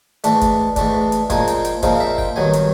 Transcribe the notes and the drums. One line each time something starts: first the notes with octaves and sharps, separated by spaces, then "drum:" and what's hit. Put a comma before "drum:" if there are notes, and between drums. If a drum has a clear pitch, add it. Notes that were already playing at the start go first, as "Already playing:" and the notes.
G#2 E3 A3 D4, drum: hi-hat
drum: kick F#1, hi-hat
G#2 E3 A3 D4, drum: kick F#1, hi-hat
drum: hi-hat
A#2 F3 G#3 C4 D#4 G#5, drum: kick F#1, hi-hat
G5, drum: hi-hat
G5, drum: hi-hat
A#2 F3 G#3 C4 D#4 F5, drum: kick F#1, hi-hat
F5
E5
G5, drum: kick F#1
G2 D#3 F#3 B3 G#5
drum: hi-hat